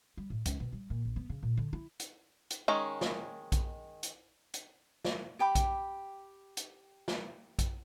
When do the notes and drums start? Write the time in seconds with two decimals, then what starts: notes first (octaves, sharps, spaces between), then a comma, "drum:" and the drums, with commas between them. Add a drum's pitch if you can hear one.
0.17 G3
0.30 A2
0.46 C#2, drum: hi-hat
0.60 B2
0.73 G3
0.90 A#2
1.05 A#1
1.16 B3
1.30 C#3
1.43 A#2
1.57 D3
1.73 E4
2.00 drum: hi-hat
2.50 drum: hi-hat
2.68 D#3 G#3 C#4 A#5
3.01 drum: snare
3.52 drum: kick A#1, hi-hat
4.03 drum: hi-hat
4.54 drum: hi-hat
5.05 drum: snare
5.39 G4 G5 B5 D6
5.55 drum: kick A#1, hi-hat
6.57 drum: hi-hat
7.08 drum: snare
7.59 drum: kick A#1, hi-hat